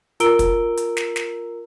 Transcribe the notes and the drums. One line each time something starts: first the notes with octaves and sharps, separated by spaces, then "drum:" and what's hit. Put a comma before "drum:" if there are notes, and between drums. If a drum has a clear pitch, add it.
F4 A#4 A#5 E6 D7 G7, drum: hi-hat
drum: kick, hi-hat
drum: hi-hat
drum: snare
drum: snare